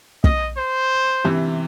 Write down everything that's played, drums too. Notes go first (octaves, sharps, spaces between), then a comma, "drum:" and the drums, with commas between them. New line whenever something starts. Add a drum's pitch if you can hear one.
D#5, drum: kick
C5
C3 E3